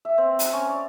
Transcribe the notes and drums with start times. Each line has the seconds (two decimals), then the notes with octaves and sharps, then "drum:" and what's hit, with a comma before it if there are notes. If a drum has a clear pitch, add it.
0.05 E5
0.18 C4
0.39 A#5, drum: hi-hat
0.53 C#4
0.69 D5